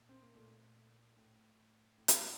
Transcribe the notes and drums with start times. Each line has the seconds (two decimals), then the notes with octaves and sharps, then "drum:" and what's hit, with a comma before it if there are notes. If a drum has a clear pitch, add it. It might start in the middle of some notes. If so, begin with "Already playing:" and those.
Already playing: A#2
0.09 C4
0.22 A#3
0.35 A#2 A3
1.17 A2
1.98 A2
2.08 drum: hi-hat